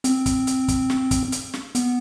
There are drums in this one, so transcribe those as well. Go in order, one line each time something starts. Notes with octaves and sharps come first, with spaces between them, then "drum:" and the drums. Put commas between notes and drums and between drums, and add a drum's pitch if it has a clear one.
C4, drum: hi-hat
drum: kick, hi-hat
drum: hi-hat
drum: kick, hi-hat
drum: snare
drum: kick, hi-hat
drum: hi-hat
drum: snare
B3, drum: hi-hat